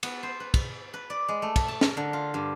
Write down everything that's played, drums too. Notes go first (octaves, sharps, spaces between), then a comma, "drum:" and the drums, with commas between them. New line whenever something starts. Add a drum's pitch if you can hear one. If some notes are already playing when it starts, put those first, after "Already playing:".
B3, drum: cymbal
C5
B4
drum: kick, cymbal
B4
D5
G#3
A3
drum: kick, cymbal
A5
A#4, drum: snare
D3
F4
G2